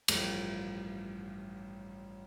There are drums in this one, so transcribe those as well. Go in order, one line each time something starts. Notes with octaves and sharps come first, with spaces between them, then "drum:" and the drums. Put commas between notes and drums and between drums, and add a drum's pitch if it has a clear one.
A1 G2 F3 A3, drum: cymbal